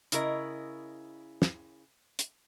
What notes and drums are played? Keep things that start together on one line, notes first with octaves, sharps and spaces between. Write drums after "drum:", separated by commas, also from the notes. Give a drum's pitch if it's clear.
C#3 E4 A#4 D#5, drum: hi-hat
drum: snare
drum: hi-hat